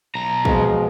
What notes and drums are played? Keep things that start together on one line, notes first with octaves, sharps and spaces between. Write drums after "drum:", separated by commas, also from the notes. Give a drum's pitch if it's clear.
B1 A#5
B2 F3 G#3, drum: kick